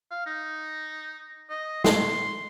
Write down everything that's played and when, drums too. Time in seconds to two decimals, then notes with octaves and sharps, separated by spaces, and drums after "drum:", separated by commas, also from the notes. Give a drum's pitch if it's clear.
0.11 F5
0.27 D#4
1.50 D#5
1.84 C6, drum: snare